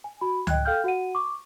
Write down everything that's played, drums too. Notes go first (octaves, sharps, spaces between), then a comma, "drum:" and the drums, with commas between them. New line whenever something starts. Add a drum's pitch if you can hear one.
G#5
F#4 B5
D#5 G5 F#6 G#6, drum: tom C#2
A4 F5 G5 F6 G6
F#4 F#5 D#7
C#6 D6